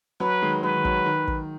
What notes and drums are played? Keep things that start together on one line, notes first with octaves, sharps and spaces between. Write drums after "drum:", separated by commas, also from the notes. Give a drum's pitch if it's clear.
F#3 B4
D#3 G#3
F#3 B4
D#3
F#3, drum: kick
D#3
drum: kick